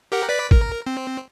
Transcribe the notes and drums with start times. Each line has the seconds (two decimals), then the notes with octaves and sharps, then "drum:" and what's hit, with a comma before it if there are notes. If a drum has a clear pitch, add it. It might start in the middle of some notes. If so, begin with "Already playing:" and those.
0.12 G4 A#4 F#5
0.29 B4 D5 B6
0.51 A#4, drum: kick
0.87 C4